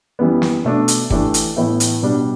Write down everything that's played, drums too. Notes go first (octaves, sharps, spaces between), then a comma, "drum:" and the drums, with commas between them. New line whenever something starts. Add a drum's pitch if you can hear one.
F#2 E3 G3 B3
drum: snare
B2 A3 D4
drum: hi-hat
E3 A3 D4 G4, drum: kick
drum: hi-hat
A2 E3 B3 E4
drum: hi-hat
B2 G3 D4 G4